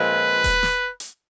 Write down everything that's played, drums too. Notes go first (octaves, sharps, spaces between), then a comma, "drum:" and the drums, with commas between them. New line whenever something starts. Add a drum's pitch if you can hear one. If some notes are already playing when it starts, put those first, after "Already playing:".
Already playing: A#2 F3 G#3 C4 B4
drum: kick D#1, hi-hat
drum: snare
drum: hi-hat